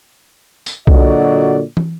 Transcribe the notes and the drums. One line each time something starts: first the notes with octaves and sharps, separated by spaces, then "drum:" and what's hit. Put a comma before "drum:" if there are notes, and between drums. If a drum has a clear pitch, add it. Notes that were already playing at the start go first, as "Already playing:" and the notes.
drum: tambourine
A#2 D3 F#3 F#4 D5 D#5, drum: kick B1
drum: tom